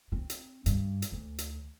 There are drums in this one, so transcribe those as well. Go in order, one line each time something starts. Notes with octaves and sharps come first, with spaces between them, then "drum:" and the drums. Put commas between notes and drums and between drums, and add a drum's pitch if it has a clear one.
C4
drum: hi-hat
G2, drum: hi-hat
drum: hi-hat
D2
drum: hi-hat